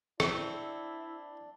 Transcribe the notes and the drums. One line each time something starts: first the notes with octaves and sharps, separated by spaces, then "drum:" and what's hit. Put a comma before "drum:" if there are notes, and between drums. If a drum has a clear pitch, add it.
C4 D4 E4 D5, drum: rim click